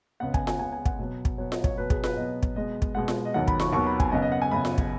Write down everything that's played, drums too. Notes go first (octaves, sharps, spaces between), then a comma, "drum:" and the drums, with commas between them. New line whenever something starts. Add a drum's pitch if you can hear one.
C#2 C#3 B3 F#5
G#5, drum: kick
G#5, drum: snare F4
C#2 C#3 B3 G#5
G#5
F#5, drum: kick
B2 F#3 B3
drum: kick
B2 F#3 B3 C#5
D#5, drum: snare F4
C#5, drum: kick
B2 F#3 B3 B4
G#4, drum: kick
B4, drum: snare F4
B2 F#3 B3 D#5
drum: kick
B2 G#3 B3 D#5
drum: kick
B2 G#3 B3 F#5
drum: snare F4
D#5
D#2 D#3 F#3 B3 F#5
B5, drum: kick
C#6, drum: snare F4
D#2 D#3 F#3 B3 C#6
B5
G#5, drum: kick
F#2 C#3 B3 D#5
D#5
F#5
G#5
F#2 C#3 B3 B5
drum: snare F4
drum: kick